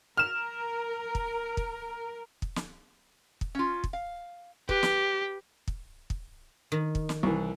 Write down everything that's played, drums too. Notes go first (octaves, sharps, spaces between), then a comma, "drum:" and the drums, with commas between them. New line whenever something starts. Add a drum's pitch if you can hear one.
A#4 F6 E7
drum: kick
drum: kick
drum: kick
drum: snare
drum: kick
C#4 F4
drum: kick
F5
G4 B4, drum: kick
drum: snare
drum: kick
drum: kick
D#3
drum: kick
drum: snare
C2 E3